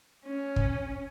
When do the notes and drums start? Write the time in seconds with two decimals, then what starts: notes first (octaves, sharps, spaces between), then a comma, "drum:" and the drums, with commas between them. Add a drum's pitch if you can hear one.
0.25 C#4
0.56 drum: kick